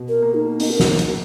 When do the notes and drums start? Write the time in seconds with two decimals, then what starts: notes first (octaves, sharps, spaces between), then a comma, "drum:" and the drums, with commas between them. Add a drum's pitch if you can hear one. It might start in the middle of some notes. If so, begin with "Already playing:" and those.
Already playing: B2
0.09 A#4
0.22 A#3
0.34 D#4
0.60 B3 D#4, drum: open hi-hat
0.70 A#4
0.80 drum: snare
0.99 drum: hi-hat